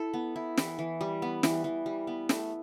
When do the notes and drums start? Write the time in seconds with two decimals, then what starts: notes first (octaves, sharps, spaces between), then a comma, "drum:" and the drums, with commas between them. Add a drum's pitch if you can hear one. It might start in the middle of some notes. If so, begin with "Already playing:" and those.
Already playing: E4 A4
0.14 B3
0.36 E4
0.57 E3, drum: snare
0.79 E3
1.01 G3
1.22 B3
1.43 E3, drum: snare
1.64 E3
1.86 G3
2.07 B3
2.29 A3, drum: snare